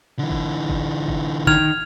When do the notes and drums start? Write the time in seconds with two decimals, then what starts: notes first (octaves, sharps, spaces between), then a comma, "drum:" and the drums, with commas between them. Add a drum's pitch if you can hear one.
0.19 D3 E3
0.31 drum: kick F#1
0.69 drum: kick F#1
1.08 drum: kick F#1
1.47 D#3 F6 G#6 F7, drum: kick F#1